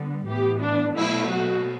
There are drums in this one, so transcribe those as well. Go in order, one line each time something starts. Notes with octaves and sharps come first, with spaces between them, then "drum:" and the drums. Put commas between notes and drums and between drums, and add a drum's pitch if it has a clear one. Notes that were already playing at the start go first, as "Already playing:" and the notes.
Already playing: D3 G3 B3
A2 E3 B3 G4
D4
B2 F#3 A3 E4, drum: cymbal
F#4